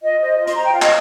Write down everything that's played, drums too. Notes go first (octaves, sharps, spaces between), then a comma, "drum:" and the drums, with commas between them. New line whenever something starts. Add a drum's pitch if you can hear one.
F4 D#5
C5 D#5
F4 D#5
C6, drum: hi-hat
C5 A#5
G5
F4 F5
D#5, drum: clap